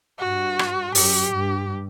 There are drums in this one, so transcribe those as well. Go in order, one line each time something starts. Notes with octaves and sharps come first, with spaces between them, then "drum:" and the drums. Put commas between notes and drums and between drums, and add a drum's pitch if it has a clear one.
G2 F#4
drum: rim click
F#2 G4, drum: open hi-hat
G2